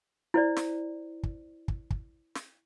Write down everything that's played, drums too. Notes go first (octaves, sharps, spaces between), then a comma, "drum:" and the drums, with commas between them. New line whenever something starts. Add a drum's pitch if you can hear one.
E4 C5 D5
drum: snare
drum: kick
drum: kick
drum: kick
drum: snare